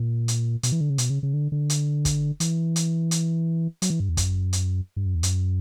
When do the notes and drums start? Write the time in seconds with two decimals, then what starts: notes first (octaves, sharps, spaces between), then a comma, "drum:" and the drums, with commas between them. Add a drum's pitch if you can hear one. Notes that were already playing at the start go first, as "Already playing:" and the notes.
Already playing: A#2
0.28 drum: hi-hat
0.63 B2, drum: hi-hat
0.72 E3
0.81 D3
0.90 C#3
0.98 B2, drum: hi-hat
1.10 C#3
1.23 C#3
1.34 D3
1.52 D3
1.70 drum: hi-hat
2.05 drum: kick, hi-hat
2.40 E3, drum: hi-hat
2.76 drum: hi-hat
3.11 drum: hi-hat
3.82 F#3, drum: hi-hat
3.90 E3
4.00 G2
4.09 E2
4.17 F#2, drum: kick, hi-hat
4.53 drum: hi-hat
4.96 G2
5.06 F#2
5.15 E2
5.23 F#2, drum: hi-hat